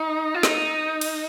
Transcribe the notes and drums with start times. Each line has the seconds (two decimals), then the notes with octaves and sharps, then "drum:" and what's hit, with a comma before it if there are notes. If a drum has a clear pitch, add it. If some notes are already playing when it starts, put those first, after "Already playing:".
Already playing: D#4
0.34 F4
0.43 D#4, drum: snare
1.01 drum: cymbal